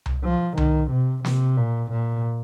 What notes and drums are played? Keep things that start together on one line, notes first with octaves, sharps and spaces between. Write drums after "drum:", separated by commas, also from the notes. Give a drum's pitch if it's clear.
drum: tom C2
F3
D#3, drum: tom C2
C3
C3, drum: snare
A#2
A#2